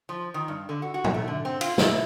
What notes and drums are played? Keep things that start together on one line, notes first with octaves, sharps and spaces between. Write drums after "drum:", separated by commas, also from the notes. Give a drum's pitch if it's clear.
F3
D#3
G2
D3
F#4
F#4
drum: tom
A3
D3
C4
F4, drum: cymbal
E4, drum: snare